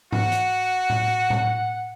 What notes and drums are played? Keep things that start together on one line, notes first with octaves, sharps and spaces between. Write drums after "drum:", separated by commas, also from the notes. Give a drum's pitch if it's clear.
F#4 F#5, drum: tom G#2
drum: hi-hat
drum: tom A2
drum: tom A2